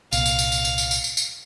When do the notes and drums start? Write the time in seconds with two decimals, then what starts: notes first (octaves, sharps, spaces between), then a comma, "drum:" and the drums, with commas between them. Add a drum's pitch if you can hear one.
0.13 C2 A#2 F5, drum: tambourine
0.26 drum: tambourine
0.39 drum: tambourine
0.52 drum: tambourine
0.65 drum: tambourine
0.78 drum: tambourine
0.91 drum: tambourine
1.04 drum: tambourine
1.17 drum: tambourine